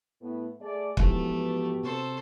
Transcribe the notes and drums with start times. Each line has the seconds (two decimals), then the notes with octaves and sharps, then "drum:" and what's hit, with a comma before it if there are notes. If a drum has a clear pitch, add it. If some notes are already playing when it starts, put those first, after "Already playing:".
0.22 A2 B3
0.61 A3 G#4 D5
0.97 G#2 E3 F3 A3 B3 F#4 G4, drum: kick
1.84 C3 C4 A4 C5 C#6